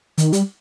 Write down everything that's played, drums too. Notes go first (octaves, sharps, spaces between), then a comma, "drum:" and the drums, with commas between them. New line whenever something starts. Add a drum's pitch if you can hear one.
D#3, drum: hi-hat
G3, drum: hi-hat